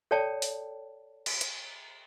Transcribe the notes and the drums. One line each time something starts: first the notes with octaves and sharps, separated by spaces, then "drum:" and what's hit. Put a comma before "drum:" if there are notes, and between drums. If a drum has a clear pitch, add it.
A4 C#5 D5 G5 A5
drum: open hi-hat
drum: cymbal
drum: hi-hat